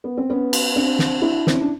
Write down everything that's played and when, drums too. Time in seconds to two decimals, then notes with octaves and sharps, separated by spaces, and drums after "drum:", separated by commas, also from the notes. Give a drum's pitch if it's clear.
0.04 B3
0.17 C4
0.30 B3 C#4
0.53 drum: cymbal
0.76 C4 D4
0.99 drum: snare
1.21 D4 E4
1.47 C4, drum: snare
1.54 C#4
1.61 D4